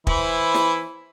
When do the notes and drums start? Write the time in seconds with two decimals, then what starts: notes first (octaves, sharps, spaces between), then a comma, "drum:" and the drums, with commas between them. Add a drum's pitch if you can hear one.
0.07 E3 E4 C5, drum: kick
0.54 drum: snare